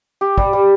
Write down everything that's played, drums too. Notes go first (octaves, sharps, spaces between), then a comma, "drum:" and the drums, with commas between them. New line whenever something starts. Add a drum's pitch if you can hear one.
G4
G3, drum: kick
G3